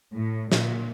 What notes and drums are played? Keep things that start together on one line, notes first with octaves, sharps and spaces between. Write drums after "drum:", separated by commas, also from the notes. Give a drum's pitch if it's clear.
A2
A#2, drum: snare